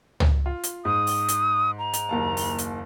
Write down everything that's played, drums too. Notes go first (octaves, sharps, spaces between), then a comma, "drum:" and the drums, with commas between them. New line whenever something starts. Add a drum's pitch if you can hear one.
drum: tom
F4
drum: hi-hat
G#2 D#6
drum: open hi-hat
drum: hi-hat
A#5
drum: hi-hat
F#1 D#2 A5
drum: open hi-hat
drum: hi-hat